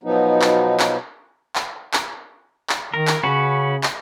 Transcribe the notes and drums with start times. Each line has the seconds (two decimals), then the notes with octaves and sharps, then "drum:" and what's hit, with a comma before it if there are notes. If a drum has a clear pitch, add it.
0.04 B2 F3 F#3 B3 D#4
0.42 drum: clap
0.80 drum: clap
1.55 drum: clap
1.93 drum: clap
2.69 drum: clap
2.94 D#3 A#4
3.07 drum: clap
3.23 C#3 C#4 F#4 B4
3.83 drum: clap